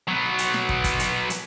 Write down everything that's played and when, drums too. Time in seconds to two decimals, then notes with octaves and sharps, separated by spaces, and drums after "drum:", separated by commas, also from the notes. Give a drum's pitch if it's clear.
0.08 F#3 B3
0.38 drum: hi-hat
0.54 drum: snare
0.69 drum: kick
0.84 drum: kick, hi-hat
0.99 drum: hi-hat
1.30 drum: hi-hat